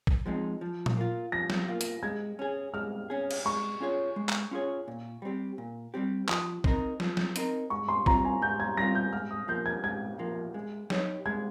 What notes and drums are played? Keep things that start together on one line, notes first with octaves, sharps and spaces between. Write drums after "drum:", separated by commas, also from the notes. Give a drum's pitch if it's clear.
drum: kick A#1
F3 G#3 C4 D#4
F3
drum: tom A#2
A#3 F4
F3 A#6
drum: snare
A#3 F4
drum: hi-hat
G#3 G#6
C#4 G#4
G#3 F6
C#4 G#4
drum: cymbal
G#3 C#6
C#4 F4 G#4 C#5
G#3
drum: clap
C#4 F4 G#4 C#5
A#2
G3 C4 G4
A#2
G3 C4 G4
F3 D#6, drum: clap
C4 D#4 A#4, drum: kick A#1
F3, drum: snare
drum: snare
C4 D#4 A#4, drum: hi-hat
G#2 C#6
C6
G3 C4 F4 A#5, drum: kick A#1
G#5
G#2 G6
G#6
G3 C4 F4 A#6
G6
G#2 F6
D#6
F3 A#3 G6
G#6
G#2 G#6
F3 A#3
G#3
D#4 G4 C#5, drum: snare
G#3 G#6